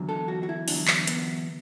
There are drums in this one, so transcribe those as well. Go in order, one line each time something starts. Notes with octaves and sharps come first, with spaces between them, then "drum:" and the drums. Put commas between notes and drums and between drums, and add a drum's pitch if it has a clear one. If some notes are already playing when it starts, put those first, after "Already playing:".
Already playing: E2 D3 F#3
A4
F#4
F#4
E4
E2 D3 F#3 D4, drum: open hi-hat
drum: clap
B3, drum: hi-hat